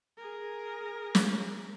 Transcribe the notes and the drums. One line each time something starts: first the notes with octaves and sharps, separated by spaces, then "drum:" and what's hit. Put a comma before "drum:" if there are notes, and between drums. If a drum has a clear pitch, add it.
G#4 A#4
drum: snare